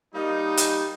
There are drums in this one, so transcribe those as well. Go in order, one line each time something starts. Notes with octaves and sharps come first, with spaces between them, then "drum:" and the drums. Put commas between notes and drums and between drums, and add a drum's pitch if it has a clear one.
G3 A#3 D#4
drum: hi-hat